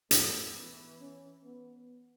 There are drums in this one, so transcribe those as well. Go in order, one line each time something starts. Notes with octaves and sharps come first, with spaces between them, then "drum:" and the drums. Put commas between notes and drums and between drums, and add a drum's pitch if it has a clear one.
E3 A3, drum: hi-hat
B3
C#4
B3